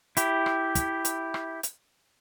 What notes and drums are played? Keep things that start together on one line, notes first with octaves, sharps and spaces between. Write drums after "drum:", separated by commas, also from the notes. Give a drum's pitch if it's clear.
E4 G4, drum: hi-hat
drum: rim click
drum: kick, hi-hat
drum: hi-hat
drum: rim click
drum: hi-hat